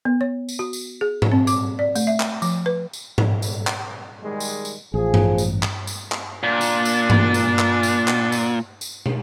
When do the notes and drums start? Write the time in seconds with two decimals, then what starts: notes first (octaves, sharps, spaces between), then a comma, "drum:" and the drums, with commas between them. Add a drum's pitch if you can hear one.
0.05 B3
0.21 C#5
0.49 drum: tambourine
0.59 F#4
0.73 drum: tambourine
1.01 G#4
1.22 drum: tom G#2
1.32 C4
1.47 D6, drum: tambourine
1.79 D5
1.95 A3, drum: tambourine
2.07 E5
2.20 drum: clap
2.42 F3, drum: tambourine
2.66 B4
2.93 drum: tambourine
3.18 drum: tom G#2
3.42 drum: tambourine
3.67 drum: clap
4.22 D#3 G3 G#3
4.40 drum: tambourine
4.65 drum: tambourine
4.94 A1 F3 G#4
5.14 drum: tom G2
5.38 drum: tambourine
5.63 drum: clap
5.87 drum: tambourine
6.12 drum: clap
6.43 A#2 D4
6.61 drum: tambourine
6.85 drum: tambourine
7.10 drum: tom G2
7.34 drum: tambourine
7.59 drum: clap
7.83 drum: tambourine
8.08 drum: clap
8.32 drum: tambourine
8.81 drum: tambourine
9.06 drum: tom